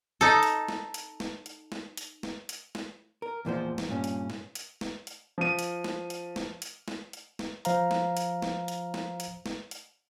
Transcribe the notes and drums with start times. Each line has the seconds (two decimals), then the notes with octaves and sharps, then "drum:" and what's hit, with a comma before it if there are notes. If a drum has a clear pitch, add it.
0.21 D#4 A4
0.43 drum: hi-hat
0.68 drum: snare
0.94 drum: hi-hat
1.20 drum: snare
1.46 drum: hi-hat
1.72 drum: snare
1.97 drum: hi-hat
2.23 drum: snare
2.49 drum: hi-hat
2.75 drum: snare
3.22 A#4
3.45 E2 A#2 F3 C5
3.78 drum: snare
3.88 G2 A#2 C#4
4.04 drum: hi-hat
4.30 drum: snare
4.55 drum: hi-hat
4.81 drum: snare
5.07 drum: hi-hat
5.38 F3 D#7
5.59 drum: hi-hat
5.84 drum: snare
6.10 drum: hi-hat
6.36 drum: snare
6.62 drum: hi-hat
6.88 drum: snare
7.13 drum: hi-hat
7.39 drum: snare
7.65 F3 C5 F5 A#5, drum: hi-hat
7.91 drum: snare
8.17 drum: hi-hat
8.42 drum: snare
8.68 drum: hi-hat
8.94 drum: snare
9.20 drum: hi-hat
9.46 drum: snare
9.71 drum: hi-hat